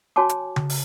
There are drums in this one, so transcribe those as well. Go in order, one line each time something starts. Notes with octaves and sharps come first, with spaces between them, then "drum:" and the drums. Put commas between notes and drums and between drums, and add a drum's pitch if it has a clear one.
F#4 C#5 G#5 A5 D6
drum: hi-hat
drum: tom C#3
drum: open hi-hat